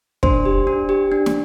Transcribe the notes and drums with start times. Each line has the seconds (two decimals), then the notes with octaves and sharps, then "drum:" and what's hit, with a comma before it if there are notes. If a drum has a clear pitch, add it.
0.23 D4 C5 C6, drum: kick
0.45 G4
0.67 D4
0.89 G4
1.12 D4
1.26 drum: snare